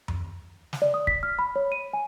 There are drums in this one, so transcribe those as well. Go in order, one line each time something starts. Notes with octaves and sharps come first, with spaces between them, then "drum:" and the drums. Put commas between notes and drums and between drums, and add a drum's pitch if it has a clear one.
drum: tom F2
drum: snare
D5
D#6
B6, drum: kick
F6
B5
C#5
D#7
G#5